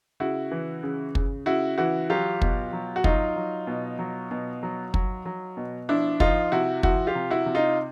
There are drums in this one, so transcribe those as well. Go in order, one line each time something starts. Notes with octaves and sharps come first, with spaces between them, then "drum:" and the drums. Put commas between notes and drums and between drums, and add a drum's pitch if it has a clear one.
C#3 E4 F#4
E3
C#3
C#3, drum: kick
C#3 E4 F#4
E3 E4 F#4
F#3 F4 G4
B2, drum: kick
F#3
F#4
F#3 D#4 F4, drum: kick
F#3
B2
F#3
B2
F#3
F#3, drum: kick
F#3
B2
F3 D4 E4
F3 D#4 F4, drum: kick
C3 E4 F#4
F3 E4 F#4, drum: kick
F4 G4
C3
E4 F#4
C3
D#4 F4